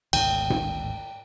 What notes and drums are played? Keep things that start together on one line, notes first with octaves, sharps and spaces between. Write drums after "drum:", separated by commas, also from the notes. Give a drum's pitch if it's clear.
G#1 D2 B2 G5, drum: cymbal
drum: tom G#2